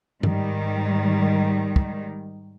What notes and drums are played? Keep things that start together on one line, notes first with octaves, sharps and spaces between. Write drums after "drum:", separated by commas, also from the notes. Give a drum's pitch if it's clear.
G#2 D#3 G3, drum: tom G2
drum: kick